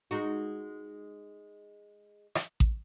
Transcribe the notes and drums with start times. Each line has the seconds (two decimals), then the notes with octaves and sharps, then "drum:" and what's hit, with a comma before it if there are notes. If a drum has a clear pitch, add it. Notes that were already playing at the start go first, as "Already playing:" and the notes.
0.11 G#3 D#4 F#4
2.35 drum: rim click
2.60 drum: kick A1